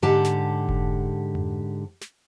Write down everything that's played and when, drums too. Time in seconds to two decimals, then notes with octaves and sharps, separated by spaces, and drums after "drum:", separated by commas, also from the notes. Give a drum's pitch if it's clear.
0.02 G#2 D3 G4 F#5 A5
0.24 drum: snare
0.69 drum: kick F1
1.35 drum: tom F2
2.01 drum: snare